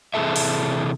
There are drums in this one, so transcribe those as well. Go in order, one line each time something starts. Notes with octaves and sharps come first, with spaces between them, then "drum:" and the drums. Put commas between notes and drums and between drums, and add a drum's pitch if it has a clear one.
C3 E3 C#4 G#4 A4 E5
drum: open hi-hat